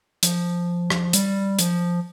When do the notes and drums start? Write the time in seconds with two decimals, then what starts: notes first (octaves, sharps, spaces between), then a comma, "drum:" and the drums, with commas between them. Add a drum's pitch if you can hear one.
0.23 F3, drum: hi-hat
0.90 drum: rim click
1.13 G3, drum: hi-hat
1.59 F3, drum: hi-hat